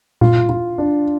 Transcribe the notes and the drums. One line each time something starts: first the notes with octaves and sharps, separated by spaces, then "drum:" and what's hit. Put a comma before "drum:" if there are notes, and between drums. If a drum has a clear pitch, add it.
F4, drum: tom A#2
F4
D4